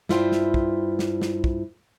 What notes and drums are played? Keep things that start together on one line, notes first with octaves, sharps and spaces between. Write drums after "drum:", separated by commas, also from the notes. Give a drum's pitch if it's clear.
G2 E4 F4 C5 E5 G5, drum: snare
drum: snare
drum: kick
drum: snare
drum: snare
drum: kick